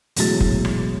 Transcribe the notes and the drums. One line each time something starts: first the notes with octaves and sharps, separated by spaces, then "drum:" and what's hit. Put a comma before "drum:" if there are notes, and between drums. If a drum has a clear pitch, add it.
E1 A2 F#3 G#3 F#4 A6, drum: hi-hat
drum: kick F1
drum: rim click